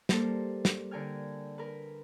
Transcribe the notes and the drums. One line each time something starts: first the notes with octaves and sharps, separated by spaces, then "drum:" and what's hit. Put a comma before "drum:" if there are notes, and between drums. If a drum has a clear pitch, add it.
G3 A#3 A4 A#4 C5, drum: snare
drum: snare
D3 A#4 G5 G#5 F6
A#4 B4